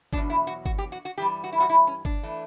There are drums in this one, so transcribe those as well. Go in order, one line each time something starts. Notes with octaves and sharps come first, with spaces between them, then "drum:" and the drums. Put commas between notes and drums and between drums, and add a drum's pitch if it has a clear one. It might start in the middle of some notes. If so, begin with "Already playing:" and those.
E2 B2 F#3 D4, drum: kick G1
E4
F#4
F#4, drum: kick G1
G4
F#4
F#4
G2 E3 G3 G4
F#4
E4
F#4, drum: clap
E4
C#4
D4, drum: kick G1
E3 A3